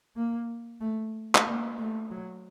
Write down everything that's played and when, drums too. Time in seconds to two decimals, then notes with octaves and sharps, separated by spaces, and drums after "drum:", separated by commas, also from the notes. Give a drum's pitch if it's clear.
0.16 A#3
0.80 A3
1.35 drum: clap
1.46 A#3
1.78 A3
2.11 F#3